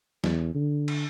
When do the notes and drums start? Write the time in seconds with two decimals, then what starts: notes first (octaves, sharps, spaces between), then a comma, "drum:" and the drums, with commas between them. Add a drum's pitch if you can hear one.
0.24 E2, drum: snare
0.55 D3
0.88 drum: cymbal